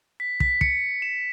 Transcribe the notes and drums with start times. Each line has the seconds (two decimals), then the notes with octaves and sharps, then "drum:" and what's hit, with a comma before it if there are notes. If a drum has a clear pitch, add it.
0.20 B6
0.40 B6, drum: kick
0.61 C#7, drum: kick
1.02 E7